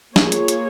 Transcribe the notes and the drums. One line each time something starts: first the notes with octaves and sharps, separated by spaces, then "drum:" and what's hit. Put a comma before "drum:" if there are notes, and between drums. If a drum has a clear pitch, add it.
A#3 F4 G#4 C#5, drum: snare
drum: hi-hat
drum: hi-hat